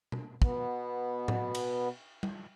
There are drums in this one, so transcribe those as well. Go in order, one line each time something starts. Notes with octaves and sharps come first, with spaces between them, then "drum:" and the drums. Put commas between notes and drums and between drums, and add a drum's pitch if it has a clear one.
drum: tom B2
B2 B3, drum: kick
drum: tom A2
drum: cymbal
drum: tom G3